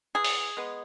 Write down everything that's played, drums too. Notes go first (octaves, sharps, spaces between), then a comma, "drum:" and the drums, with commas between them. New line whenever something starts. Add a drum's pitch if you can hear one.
E3 G#4
drum: open hi-hat
G#3 B3